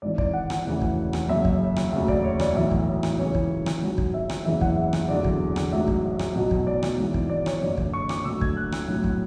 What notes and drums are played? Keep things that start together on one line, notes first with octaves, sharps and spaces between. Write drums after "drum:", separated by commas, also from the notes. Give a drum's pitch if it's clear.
G#1 G#2 E3 D5
D5, drum: kick
F#5
drum: rim click
E1 D2 C#3 E3
drum: kick
drum: rim click
F#1 F#2 C#3 E5
drum: kick
drum: rim click
E1 D2 C#3 F#3 E5
D5, drum: kick
C#5
D5, drum: rim click
B1 A2 E3 E5
drum: kick
drum: rim click
C#2 C#3 E3 C#5
drum: kick
drum: rim click
G#1 G#2 F#3
drum: kick
E5
drum: rim click
F#1 E2 C#3 E3 E5
F#5, drum: kick
E5
drum: rim click
F#1 E2 D3 F#3 D5
drum: kick
drum: rim click
A1 G#2 F#3 E5
drum: kick
drum: rim click
B1 B2 F#3
drum: kick
D5
drum: rim click
G#1 G#2 E3
drum: kick
D5
C#5, drum: rim click
F#1 F#2 D3 F#3 D5
drum: kick
C#6
D6, drum: rim click
D2 D3 F#3 E6
G#6, drum: kick
F#6
drum: rim click
B1 A2 F#3
drum: kick